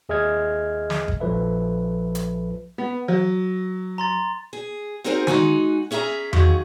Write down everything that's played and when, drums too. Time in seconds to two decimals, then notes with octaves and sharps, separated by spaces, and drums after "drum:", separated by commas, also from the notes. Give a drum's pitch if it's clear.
0.09 D#2 G#4 D#5 E5 F6 G#6
0.90 drum: snare
1.08 drum: kick
1.20 A#1 F3 A4 B4 E5
2.15 drum: hi-hat
2.78 B3
3.08 F#3
3.98 A#5 C6 A6
4.53 G#4
5.04 C4 D#4 F#4 G#4 A#4 C5
5.27 G#3 D#4 F#4 G#5, drum: tom D#3
5.91 C#4 G#4 E5 F#5 A#5
6.33 D#3 F#3 F4 F#4 G#4, drum: tom E2